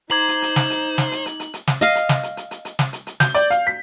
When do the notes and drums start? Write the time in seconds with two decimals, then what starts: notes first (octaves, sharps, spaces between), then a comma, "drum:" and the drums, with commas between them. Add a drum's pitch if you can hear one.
0.11 D#4 C5 A#5 D6 G#6 F#7
0.28 drum: hi-hat
0.42 drum: hi-hat
0.56 drum: snare
0.70 drum: hi-hat
0.98 drum: snare
1.12 drum: hi-hat
1.26 drum: hi-hat
1.40 drum: hi-hat
1.54 drum: hi-hat
1.67 drum: snare
1.81 D#5 F5, drum: hi-hat
1.95 drum: hi-hat
2.09 drum: snare
2.23 drum: hi-hat
2.37 drum: hi-hat
2.51 drum: hi-hat
2.65 drum: hi-hat
2.79 drum: snare
2.93 drum: hi-hat
3.07 drum: hi-hat
3.20 G6, drum: snare
3.35 D5, drum: hi-hat
3.51 F5, drum: hi-hat
3.67 B6